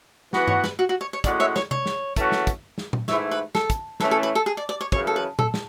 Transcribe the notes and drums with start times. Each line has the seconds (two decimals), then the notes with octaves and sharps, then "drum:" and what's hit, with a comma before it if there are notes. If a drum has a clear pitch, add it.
0.33 E3 B3 F#4, drum: snare
0.48 C#5, drum: tom G2
0.64 B4, drum: snare
0.79 F#4
0.89 F#4
1.01 C#5
1.13 C#5
1.24 A2 G#3 C#4 F#4 D5, drum: kick, hi-hat
1.40 C#5 E5
1.56 C#5, drum: snare
1.71 C#5, drum: tom C3
1.86 drum: snare
2.16 E3 A3 C#4 F#4, drum: kick, hi-hat
2.32 drum: snare
2.47 drum: kick, hi-hat
2.78 drum: snare
2.93 drum: tom A#2
3.08 G#2 E3 A3 E4 C#5 E5, drum: snare
3.31 B4
3.55 A4, drum: snare
3.70 drum: kick, hi-hat
4.00 A2 E3 A3 C#4 A4, drum: snare
4.11 A4
4.23 B4
4.35 A4
4.46 G#4
4.57 D5
4.69 D5
4.81 C#5
4.92 F#2 C#3 E3 C#5, drum: kick
5.07 A4
5.16 B4
5.39 A4, drum: tom A#2
5.54 drum: snare